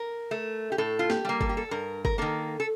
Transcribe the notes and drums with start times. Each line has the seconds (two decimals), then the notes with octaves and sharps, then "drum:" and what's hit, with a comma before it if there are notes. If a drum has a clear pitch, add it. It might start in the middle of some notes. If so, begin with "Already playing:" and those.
Already playing: A#4
0.31 A3
0.72 G4
0.78 A2 A4
0.99 F4
1.10 G4, drum: snare A#3
1.25 G3 A#3
1.41 A4, drum: kick G1
1.49 G4
1.57 A4
1.71 G2 A#4
2.05 A#4, drum: kick G1
2.18 D#3 A#3 A4
2.60 A4